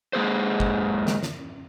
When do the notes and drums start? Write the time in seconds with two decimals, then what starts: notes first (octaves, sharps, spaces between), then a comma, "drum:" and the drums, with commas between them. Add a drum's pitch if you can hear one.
0.13 G#3 A#3 G#4 C5
0.60 drum: kick G1
1.07 drum: snare
1.23 drum: snare